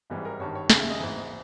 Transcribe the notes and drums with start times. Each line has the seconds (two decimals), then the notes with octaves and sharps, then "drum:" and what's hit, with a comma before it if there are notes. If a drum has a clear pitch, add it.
0.10 G#1 G#2 E3 G3
0.17 G#4
0.25 A#4
0.39 G#1 G2 D#3 C#5
0.55 C#5
0.70 D#2 C#3 G#3 D#5, drum: snare
0.80 E5
0.90 D#5
0.99 G#1 G#2 E3